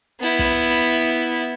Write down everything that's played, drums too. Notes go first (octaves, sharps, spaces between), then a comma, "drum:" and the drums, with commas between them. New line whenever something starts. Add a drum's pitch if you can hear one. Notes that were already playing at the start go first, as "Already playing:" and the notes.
B3 E4
drum: kick, open hi-hat
drum: hi-hat